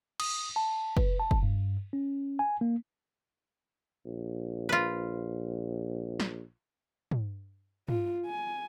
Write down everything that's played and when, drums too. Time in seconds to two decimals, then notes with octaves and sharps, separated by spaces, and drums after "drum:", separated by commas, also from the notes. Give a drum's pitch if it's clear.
0.20 D#6, drum: cymbal
0.56 A5
0.97 B4, drum: kick
1.20 A5
1.31 drum: kick
1.43 G2
1.93 C#4
2.39 G#5
2.61 A#3
4.05 A#1
4.69 F4 B4
6.20 drum: snare
7.11 drum: tom
7.89 F4, drum: tom
8.26 G#5